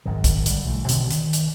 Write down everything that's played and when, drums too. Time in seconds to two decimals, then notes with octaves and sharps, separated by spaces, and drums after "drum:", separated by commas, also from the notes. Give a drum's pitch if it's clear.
0.06 G#1 F#2 D#3
0.24 drum: kick, hi-hat
0.46 D3 G3, drum: hi-hat
0.65 B1 E3 A3
0.89 G2 B2 D3 D#3, drum: hi-hat
1.11 D#3, drum: hi-hat
1.33 drum: hi-hat